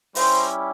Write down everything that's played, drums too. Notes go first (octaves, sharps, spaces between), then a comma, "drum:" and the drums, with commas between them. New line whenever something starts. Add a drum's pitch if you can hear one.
G3 C#4 E4 G4 C5, drum: open hi-hat